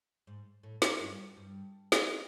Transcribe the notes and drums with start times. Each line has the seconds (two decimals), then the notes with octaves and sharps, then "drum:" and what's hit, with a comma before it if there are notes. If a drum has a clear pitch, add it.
0.27 G#2
0.63 A2
0.82 drum: snare
1.01 G2
1.37 G2
1.92 drum: snare